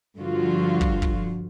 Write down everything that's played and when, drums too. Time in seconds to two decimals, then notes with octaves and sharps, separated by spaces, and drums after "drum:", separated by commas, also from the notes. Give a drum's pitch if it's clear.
0.17 G2 D3 F3 F4 F#4
0.81 drum: kick
1.02 drum: kick